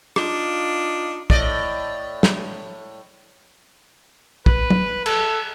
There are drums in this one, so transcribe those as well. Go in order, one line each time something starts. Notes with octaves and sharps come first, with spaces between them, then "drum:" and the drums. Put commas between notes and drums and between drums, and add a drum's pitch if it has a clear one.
D4 D#4 F4, drum: rim click
A2 D5 D#5, drum: kick
drum: snare
B4, drum: kick
drum: tom
A4, drum: cymbal